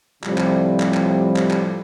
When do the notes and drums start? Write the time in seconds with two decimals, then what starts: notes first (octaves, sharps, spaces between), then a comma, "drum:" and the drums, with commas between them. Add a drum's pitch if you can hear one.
0.24 A2 C3 F3 G3, drum: clap
0.38 drum: clap
0.80 drum: clap
0.94 drum: clap
1.36 drum: clap
1.50 drum: clap